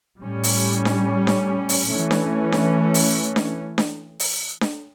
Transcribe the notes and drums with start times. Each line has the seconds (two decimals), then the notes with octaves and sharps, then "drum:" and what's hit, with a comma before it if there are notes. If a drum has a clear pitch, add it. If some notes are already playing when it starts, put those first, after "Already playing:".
0.22 A2 G3 C#4
0.43 drum: open hi-hat
0.85 drum: snare D4
1.27 drum: snare D4
1.69 drum: open hi-hat
1.90 E3 A3 C#4
2.11 drum: snare D4
2.52 drum: snare D4
2.94 drum: open hi-hat
3.36 drum: snare D4
3.78 drum: snare D4
4.20 drum: open hi-hat
4.61 drum: snare D4